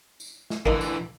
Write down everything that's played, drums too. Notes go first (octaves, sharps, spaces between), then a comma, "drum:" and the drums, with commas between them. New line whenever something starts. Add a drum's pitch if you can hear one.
drum: tambourine
drum: snare
D3 E3 A#3 D#4, drum: kick A1
drum: tambourine